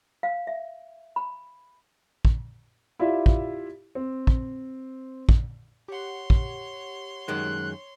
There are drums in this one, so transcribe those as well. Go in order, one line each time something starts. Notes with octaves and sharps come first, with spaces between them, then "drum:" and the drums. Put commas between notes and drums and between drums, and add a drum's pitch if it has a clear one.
F5
E5
B5
drum: kick
E4 F4 G4 D5 E5
drum: kick
C4
drum: kick
drum: kick
G4 C#5 F#5 C6
drum: kick
F#2 D#3 G#3 F#6